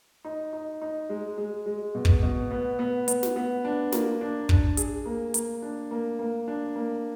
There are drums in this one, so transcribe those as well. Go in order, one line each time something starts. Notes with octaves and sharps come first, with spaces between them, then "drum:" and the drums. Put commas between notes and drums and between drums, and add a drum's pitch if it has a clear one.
D#4
D#4
D#4
G#3
G#3
G#3
B2
drum: kick
B2
B3
B3
B3, drum: hi-hat
drum: snare
B3
D4
A#3, drum: snare
D4
D4, drum: kick
G#4, drum: hi-hat
A#3
A#3, drum: hi-hat
D4
A#3
A#3
D4
A#3